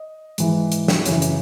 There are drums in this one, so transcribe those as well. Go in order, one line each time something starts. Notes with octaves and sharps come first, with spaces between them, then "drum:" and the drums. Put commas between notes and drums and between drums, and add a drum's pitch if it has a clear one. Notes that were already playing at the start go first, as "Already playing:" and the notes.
Already playing: D#5
G#2 E3, drum: hi-hat
drum: hi-hat
drum: snare
F#2 C#3 E3, drum: hi-hat
drum: hi-hat